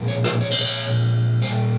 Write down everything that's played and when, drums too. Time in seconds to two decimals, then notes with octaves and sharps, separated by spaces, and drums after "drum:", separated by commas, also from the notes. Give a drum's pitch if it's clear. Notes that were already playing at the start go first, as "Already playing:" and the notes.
Already playing: A#2 F3 G#3
0.08 C#5
0.24 C5, drum: rim click
0.41 C#5
0.51 C5, drum: cymbal
0.61 C#5
1.42 A#2 G3 C5